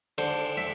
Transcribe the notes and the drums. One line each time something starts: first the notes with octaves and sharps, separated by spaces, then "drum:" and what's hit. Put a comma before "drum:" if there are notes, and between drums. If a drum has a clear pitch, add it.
D3 C5, drum: cymbal
E5